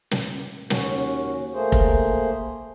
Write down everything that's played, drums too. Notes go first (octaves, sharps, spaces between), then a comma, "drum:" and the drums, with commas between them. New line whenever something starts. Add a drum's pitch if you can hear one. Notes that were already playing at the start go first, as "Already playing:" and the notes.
drum: snare
D#2 C#4 F#4, drum: snare
A3 A#3 G#4 C5
drum: kick F1